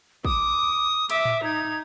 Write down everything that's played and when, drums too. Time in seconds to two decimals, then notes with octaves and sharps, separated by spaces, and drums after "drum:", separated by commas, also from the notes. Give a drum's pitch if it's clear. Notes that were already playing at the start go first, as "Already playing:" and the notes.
0.25 D6 D#6, drum: kick
1.10 E5 D6, drum: hi-hat
1.25 drum: tom A2
1.44 D#4 G#6